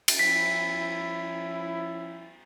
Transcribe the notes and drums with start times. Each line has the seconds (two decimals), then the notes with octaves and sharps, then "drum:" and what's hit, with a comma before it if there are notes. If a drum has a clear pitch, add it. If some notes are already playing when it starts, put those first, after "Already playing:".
0.08 drum: cymbal
0.19 F3 C#4 E4 B6